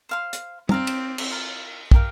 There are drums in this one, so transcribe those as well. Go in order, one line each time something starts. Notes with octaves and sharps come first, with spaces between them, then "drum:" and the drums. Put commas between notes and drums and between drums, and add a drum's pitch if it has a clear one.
C5 F5 C6
drum: hi-hat
C4 D5 F5 A#5, drum: tom
drum: cymbal
drum: cymbal
F4 A#4 F5
G4 A#4 F5, drum: kick